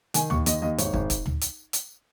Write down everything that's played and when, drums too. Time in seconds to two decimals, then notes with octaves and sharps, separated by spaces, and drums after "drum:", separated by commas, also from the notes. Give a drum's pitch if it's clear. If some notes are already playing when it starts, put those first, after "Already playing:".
0.14 D#3 G#5, drum: hi-hat
0.30 D#2 C#6, drum: tom
0.46 D#2 D#5, drum: hi-hat
0.62 D#2 D#5
0.78 G#1 C#5, drum: hi-hat
0.93 G#1, drum: kick
1.10 drum: kick, hi-hat
1.26 drum: tom
1.41 drum: hi-hat
1.73 drum: hi-hat